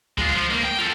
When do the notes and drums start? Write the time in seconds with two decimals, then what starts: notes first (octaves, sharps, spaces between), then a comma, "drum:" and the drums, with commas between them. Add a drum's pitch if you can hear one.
0.18 G#3 F4, drum: kick C#2
0.35 F3
0.50 C#2 A#3
0.64 G5
0.79 F4 A4